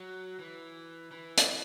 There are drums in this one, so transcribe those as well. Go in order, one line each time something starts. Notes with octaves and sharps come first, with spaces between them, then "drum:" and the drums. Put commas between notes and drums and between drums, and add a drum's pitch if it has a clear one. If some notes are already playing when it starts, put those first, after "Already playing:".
Already playing: F#3
E3
E3
drum: hi-hat